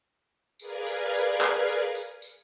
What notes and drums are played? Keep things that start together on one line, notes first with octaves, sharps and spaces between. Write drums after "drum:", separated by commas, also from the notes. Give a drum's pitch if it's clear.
G#4 A#4 B4 D5 F5 G#5, drum: tambourine
drum: tambourine
drum: tambourine
drum: clap
drum: tambourine
drum: tambourine
drum: tambourine